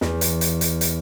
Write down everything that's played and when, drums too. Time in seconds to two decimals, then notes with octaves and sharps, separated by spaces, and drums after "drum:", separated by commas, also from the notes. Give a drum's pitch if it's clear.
0.01 E2, drum: snare
0.21 drum: hi-hat
0.41 drum: hi-hat
0.61 drum: hi-hat
0.81 drum: hi-hat